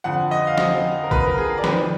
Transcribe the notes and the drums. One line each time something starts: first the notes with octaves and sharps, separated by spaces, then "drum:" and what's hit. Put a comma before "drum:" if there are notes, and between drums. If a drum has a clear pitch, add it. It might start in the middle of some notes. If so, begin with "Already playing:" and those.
F2 D3 F#5
D#5
F5
D#5, drum: snare
A#4
B4, drum: kick
A#4
G#4
D5
F2 D#3 B4, drum: snare